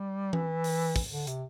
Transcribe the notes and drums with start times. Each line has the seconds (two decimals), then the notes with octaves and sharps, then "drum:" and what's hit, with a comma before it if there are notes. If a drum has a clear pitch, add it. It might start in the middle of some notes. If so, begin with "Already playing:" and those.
Already playing: G3
0.33 E3, drum: tom E3
0.64 drum: open hi-hat
0.96 drum: kick, open hi-hat
1.12 D3
1.27 C3, drum: hi-hat